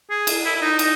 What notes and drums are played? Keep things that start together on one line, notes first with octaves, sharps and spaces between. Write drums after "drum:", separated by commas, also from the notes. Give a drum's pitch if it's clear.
G#4
drum: cymbal
E4
E4
D#4
D#4, drum: cymbal